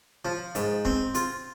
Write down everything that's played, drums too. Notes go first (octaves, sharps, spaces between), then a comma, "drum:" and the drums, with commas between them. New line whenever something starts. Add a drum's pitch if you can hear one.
F3
G#2, drum: hi-hat
C4, drum: kick
F4, drum: hi-hat